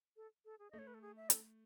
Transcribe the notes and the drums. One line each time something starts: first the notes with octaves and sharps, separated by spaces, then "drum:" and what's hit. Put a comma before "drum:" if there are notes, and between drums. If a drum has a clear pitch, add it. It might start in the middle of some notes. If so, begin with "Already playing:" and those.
A4
A4
G#4
D#5
A3
C#5
B4
A4
G#4
E5
A4, drum: hi-hat